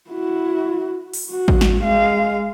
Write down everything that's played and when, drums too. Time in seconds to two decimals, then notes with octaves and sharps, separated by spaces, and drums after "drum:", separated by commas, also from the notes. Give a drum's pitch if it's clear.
0.11 E4 F#4
1.14 drum: open hi-hat
1.30 F#4
1.48 drum: kick
1.61 drum: snare
1.83 G#3 F5